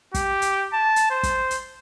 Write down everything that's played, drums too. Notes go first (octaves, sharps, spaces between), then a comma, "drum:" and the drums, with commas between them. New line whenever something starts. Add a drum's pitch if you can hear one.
G4, drum: kick, hi-hat
drum: hi-hat
A5
drum: hi-hat
C5
drum: kick, hi-hat
drum: hi-hat